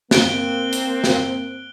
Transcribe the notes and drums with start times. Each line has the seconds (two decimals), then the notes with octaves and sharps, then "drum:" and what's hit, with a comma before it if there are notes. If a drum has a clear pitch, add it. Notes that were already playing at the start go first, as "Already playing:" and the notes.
0.11 A#3 C4 F#6 D7 G7, drum: snare
0.73 drum: hi-hat
1.04 drum: snare